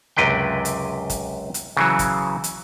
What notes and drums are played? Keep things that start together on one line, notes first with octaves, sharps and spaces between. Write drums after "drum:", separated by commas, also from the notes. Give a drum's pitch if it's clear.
C#2 F#2 C3 B4 G5
drum: hi-hat
drum: kick, hi-hat
drum: hi-hat
C#3 E3 F#3
drum: kick, hi-hat
drum: hi-hat